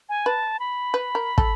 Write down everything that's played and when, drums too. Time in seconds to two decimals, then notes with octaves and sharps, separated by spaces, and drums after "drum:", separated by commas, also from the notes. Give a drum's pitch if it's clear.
0.09 G#5
0.26 B4 A5
0.60 B5
0.94 B4
1.15 A#4
1.38 A4, drum: kick